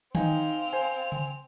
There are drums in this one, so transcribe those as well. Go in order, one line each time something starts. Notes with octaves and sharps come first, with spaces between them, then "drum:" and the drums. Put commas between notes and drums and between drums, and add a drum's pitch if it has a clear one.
C4 D#4 F5 G5 G#5 F7, drum: tom D#3
C5 G#5
drum: tom C#3